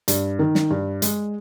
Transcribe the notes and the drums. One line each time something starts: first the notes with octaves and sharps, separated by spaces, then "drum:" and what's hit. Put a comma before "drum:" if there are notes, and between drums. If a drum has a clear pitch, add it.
G2, drum: hi-hat
D#3
drum: snare
G2
G#3, drum: hi-hat